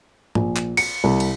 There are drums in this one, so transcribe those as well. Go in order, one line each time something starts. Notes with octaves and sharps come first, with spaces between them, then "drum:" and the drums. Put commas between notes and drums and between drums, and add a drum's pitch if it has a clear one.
A#1, drum: tom G#2
drum: clap
C#7, drum: cymbal
C2
drum: cymbal